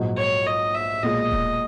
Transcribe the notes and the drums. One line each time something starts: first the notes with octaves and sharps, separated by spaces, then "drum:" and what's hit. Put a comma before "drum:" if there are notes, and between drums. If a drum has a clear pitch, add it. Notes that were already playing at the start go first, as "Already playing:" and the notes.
Already playing: A#1 G#2 F#3
C#5
D#5
E5
B1 A#2 G#3 D#5
drum: kick D#1